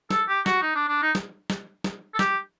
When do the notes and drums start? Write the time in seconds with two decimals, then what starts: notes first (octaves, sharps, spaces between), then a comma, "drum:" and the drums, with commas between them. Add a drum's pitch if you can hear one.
0.11 A4, drum: snare
0.28 G4
0.46 F#4, drum: snare
0.62 D#4
0.75 D4
0.89 D4
1.02 D#4
1.15 drum: snare
1.50 drum: snare
1.84 drum: snare
2.14 A4
2.19 G4, drum: snare